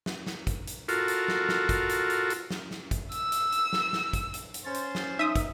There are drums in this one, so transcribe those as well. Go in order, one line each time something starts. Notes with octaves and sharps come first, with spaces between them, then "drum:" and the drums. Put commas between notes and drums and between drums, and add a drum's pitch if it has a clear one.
drum: snare
drum: snare
drum: kick, hi-hat
drum: hi-hat
F4 F#4 A4 A#4, drum: hi-hat
drum: hi-hat
drum: snare
drum: snare
drum: kick, hi-hat
drum: hi-hat
drum: hi-hat
drum: hi-hat
drum: snare
drum: snare
drum: kick, hi-hat
E6, drum: hi-hat
drum: hi-hat
drum: hi-hat
drum: snare
drum: snare
drum: kick, hi-hat
drum: hi-hat
drum: hi-hat
C#4 C5 A6
drum: hi-hat
drum: snare
D#4 E5 D#6
drum: kick, hi-hat